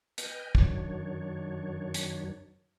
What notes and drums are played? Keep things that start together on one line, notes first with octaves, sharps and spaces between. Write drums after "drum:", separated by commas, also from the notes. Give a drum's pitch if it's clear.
B4 D#5 G5 G#5 F6 G6, drum: hi-hat
F#2 D#3 F#3 D4 C#5, drum: kick
drum: hi-hat